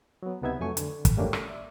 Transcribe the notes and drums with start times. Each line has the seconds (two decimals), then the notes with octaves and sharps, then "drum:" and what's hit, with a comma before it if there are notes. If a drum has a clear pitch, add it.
0.23 F#3 B3
0.42 C#2 C3 B3 D#4 E5 G#6
0.60 F2 F#3 A3 G#5 C#6
0.77 D3, drum: hi-hat
1.05 drum: kick, hi-hat
1.17 F#3 G3 A3 A#3 C#4 D4
1.33 drum: rim click
1.48 D5 E5